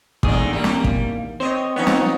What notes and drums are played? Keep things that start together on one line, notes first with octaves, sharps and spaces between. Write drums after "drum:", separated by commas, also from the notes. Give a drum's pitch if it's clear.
E2 G#2 D3 D#3 D4 G#4, drum: kick
G3 A#3
drum: snare
drum: kick
C4 C5 C#5 D#5
F3 B3 C#4 D#4 C#5
drum: snare